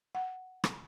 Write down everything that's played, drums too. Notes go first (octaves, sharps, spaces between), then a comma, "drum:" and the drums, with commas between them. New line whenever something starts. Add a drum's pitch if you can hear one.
F#5
drum: rim click